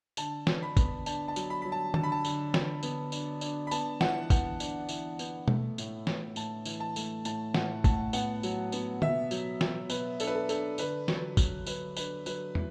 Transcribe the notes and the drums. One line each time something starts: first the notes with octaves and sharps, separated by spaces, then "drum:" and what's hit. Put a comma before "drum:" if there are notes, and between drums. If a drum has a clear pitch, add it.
D3 A5, drum: tambourine
D4, drum: snare
B5
B3, drum: kick, tambourine
D4 A5, drum: tambourine
A5
F#3, drum: tambourine
B5
F#3 B5
A5
D3 A5, drum: tom D#3
B5
A5
D3, drum: tambourine
D3, drum: snare
B3, drum: tambourine
D4, drum: tambourine
D4, drum: tambourine
B5
B3 A5, drum: tambourine
E3 F#5, drum: snare
B3 F#5, drum: kick, tambourine
D4, drum: tambourine
E3, drum: tambourine
B3, drum: tambourine
A3, drum: tom B2
A2, drum: tambourine
A2, drum: snare
A2 A5, drum: tambourine
E3, drum: tambourine
A5
A3, drum: tambourine
A2 A5, drum: tambourine
A2 F#5, drum: snare
A2 A5, drum: kick, tambourine
B3 F#5, drum: tambourine
F#3, drum: tambourine
B3, drum: tambourine
B2 E5, drum: tom D3
F#3, drum: tambourine
F#3, drum: snare
B2 B4, drum: tambourine
D4 A4, drum: tambourine
B4
A4
D4 A4, drum: tambourine
D3 B4, drum: tambourine
F#3, drum: snare
F#3, drum: kick, tambourine
F#3 B4, drum: tambourine
D4 B4, drum: tambourine
F#3 B4, drum: tambourine
E3, drum: tom